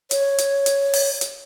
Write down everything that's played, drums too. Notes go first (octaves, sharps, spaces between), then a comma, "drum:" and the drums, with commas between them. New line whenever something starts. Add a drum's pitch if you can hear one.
C#5, drum: hi-hat
drum: hi-hat
drum: hi-hat
drum: open hi-hat
drum: hi-hat